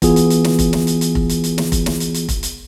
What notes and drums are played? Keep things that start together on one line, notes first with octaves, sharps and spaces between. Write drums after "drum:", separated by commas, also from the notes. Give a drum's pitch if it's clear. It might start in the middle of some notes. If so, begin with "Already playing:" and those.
E3 B3 F4 G#4, drum: kick F1, hi-hat
drum: hi-hat
drum: hi-hat
drum: snare
drum: kick F1, hi-hat
drum: snare
drum: hi-hat
drum: hi-hat
drum: kick F1
drum: hi-hat
drum: hi-hat
drum: snare
drum: kick F1, hi-hat
drum: snare
drum: hi-hat
drum: hi-hat
drum: kick F1, hi-hat
drum: hi-hat